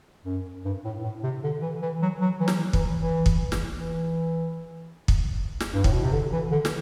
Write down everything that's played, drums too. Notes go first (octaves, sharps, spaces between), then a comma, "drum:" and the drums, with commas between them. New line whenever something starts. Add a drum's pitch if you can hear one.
F#2
G2
A2
A2
C3
D3
E3
E3
F#3
F#3
E3
F#3, drum: snare
E3, drum: kick
E3
drum: kick
drum: snare
E3
drum: kick
drum: snare
G2
A2, drum: kick
B2
C3
D3
E3
D3
drum: snare